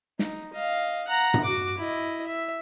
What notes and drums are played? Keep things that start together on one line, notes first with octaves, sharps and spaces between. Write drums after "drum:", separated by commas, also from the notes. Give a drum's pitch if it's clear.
D#4, drum: snare
D#5 F5
F#5 A#5
drum: tom G2
F#4 D6
E4 D#5
E5